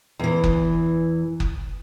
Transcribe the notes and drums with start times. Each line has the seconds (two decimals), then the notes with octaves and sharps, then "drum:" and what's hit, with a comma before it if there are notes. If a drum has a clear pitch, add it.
0.19 E2 E3
0.44 drum: kick F#1
1.40 drum: kick F#1